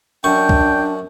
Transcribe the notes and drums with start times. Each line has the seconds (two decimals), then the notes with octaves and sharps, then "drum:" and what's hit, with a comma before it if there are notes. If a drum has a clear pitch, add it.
0.24 F#2 D4 G5 C#6
0.49 drum: kick